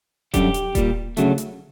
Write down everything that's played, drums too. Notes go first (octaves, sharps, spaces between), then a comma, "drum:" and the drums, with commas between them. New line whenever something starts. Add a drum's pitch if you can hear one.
F#2 D3 G3 G4, drum: kick D#1, hi-hat
drum: hi-hat
A#2 G3, drum: kick D#1, hi-hat
D2 C#3 F#3 A3, drum: hi-hat
drum: hi-hat